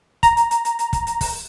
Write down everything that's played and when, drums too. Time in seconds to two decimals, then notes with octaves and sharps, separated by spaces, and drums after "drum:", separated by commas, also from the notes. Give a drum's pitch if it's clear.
0.23 A#5, drum: kick, hi-hat
0.37 drum: hi-hat
0.51 drum: hi-hat
0.65 drum: hi-hat
0.79 drum: hi-hat
0.93 drum: kick, hi-hat
1.07 drum: hi-hat
1.21 drum: kick, open hi-hat